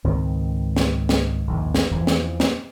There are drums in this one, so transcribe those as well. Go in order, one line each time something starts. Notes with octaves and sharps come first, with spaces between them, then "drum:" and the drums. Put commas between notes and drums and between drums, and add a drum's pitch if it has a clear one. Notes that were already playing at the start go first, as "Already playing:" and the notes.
C#2 G#2 D#3 C4
drum: snare
drum: snare
A#1 D#2 G#2
drum: snare
E2 E3 F3
drum: snare
drum: snare